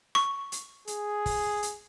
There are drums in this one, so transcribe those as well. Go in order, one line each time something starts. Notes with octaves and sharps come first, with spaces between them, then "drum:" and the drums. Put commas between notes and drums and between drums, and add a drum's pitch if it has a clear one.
C#6, drum: rim click
drum: hi-hat
G#4, drum: hi-hat
drum: kick, open hi-hat
drum: hi-hat